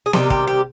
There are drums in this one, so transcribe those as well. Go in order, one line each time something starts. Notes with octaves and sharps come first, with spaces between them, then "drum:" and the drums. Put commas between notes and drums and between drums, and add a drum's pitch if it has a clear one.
G#4
C3 D#3 G3 G4, drum: snare B3
G4, drum: kick
G4